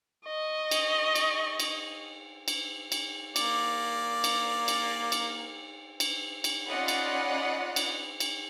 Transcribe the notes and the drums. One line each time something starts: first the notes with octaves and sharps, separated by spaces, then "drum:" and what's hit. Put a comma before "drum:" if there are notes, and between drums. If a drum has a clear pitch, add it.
D#5 C#6
drum: cymbal
drum: cymbal
drum: cymbal
drum: cymbal
drum: cymbal
A#3 D5, drum: cymbal
drum: cymbal
drum: cymbal
drum: cymbal
drum: cymbal
drum: cymbal
C#4 F4 D5 D#5 F#5 B5
drum: cymbal
drum: cymbal
drum: cymbal